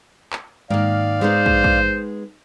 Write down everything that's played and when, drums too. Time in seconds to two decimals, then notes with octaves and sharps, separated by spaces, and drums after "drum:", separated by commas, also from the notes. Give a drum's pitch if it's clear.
0.33 drum: clap
0.70 G#2 D#3 A#3 D5 F5
1.21 G#3 B3 D#4 C5
1.46 drum: kick
1.64 drum: kick